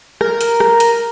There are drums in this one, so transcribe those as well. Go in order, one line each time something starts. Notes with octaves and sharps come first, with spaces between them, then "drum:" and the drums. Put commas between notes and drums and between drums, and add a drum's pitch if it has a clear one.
A#4, drum: rim click
drum: hi-hat
drum: rim click
drum: hi-hat